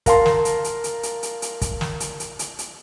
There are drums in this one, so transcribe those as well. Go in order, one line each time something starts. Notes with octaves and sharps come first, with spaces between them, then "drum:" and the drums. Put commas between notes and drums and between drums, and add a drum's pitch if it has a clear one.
A#4 F5 A5 C6, drum: kick, hi-hat
drum: snare
drum: hi-hat
drum: hi-hat
drum: hi-hat
drum: hi-hat
drum: hi-hat
drum: hi-hat
drum: kick, hi-hat
drum: snare
drum: hi-hat
drum: hi-hat
drum: hi-hat
drum: hi-hat